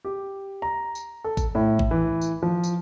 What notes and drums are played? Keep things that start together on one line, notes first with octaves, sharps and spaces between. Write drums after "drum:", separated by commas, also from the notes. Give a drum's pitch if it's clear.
G4
A#5
drum: tambourine
A4
drum: kick A1, tambourine
A2
drum: kick A1
E3
drum: tambourine
F3
drum: tambourine